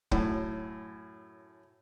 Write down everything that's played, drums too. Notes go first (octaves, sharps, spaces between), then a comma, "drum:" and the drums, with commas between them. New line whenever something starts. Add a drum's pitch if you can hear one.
F#2 A2, drum: kick